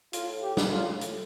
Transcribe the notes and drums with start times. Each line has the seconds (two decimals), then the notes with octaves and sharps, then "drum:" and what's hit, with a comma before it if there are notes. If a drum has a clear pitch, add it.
0.13 A2 F4, drum: hi-hat
0.42 G4
0.57 drum: snare
0.72 F4
1.01 A2, drum: hi-hat